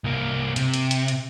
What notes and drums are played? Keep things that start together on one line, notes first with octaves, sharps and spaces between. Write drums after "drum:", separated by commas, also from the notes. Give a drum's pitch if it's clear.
C2 A#3
C3, drum: hi-hat
drum: hi-hat
drum: hi-hat
drum: hi-hat